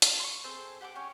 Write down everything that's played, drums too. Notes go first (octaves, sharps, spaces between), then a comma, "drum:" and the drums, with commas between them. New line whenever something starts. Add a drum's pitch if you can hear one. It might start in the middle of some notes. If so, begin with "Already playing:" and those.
drum: hi-hat
C6 C#6
C4 G#4 A4 C5
G4 F#5 B5 D6
C#4 C#5 G5 G#5